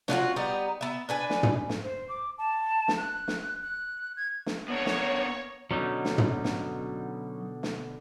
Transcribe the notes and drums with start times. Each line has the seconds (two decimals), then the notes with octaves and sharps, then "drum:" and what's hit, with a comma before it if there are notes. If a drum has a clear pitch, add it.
0.08 C#4 D4 F4 F#4, drum: snare
0.36 G3 B3 D#4
0.81 B3 E5
1.09 D4 B4 G#5
1.30 drum: snare
1.43 drum: tom
1.69 drum: snare
1.83 C5
2.09 D6
2.38 A5
2.88 drum: snare
2.98 F#6
3.28 drum: snare
3.62 F#6
4.17 G#6
4.46 drum: snare
4.68 B3 D4 A#4 C#5
4.86 drum: snare
5.71 B2 D3 F#3 C#4 D#4
6.05 drum: snare
6.18 drum: tom
6.44 drum: snare
7.63 drum: snare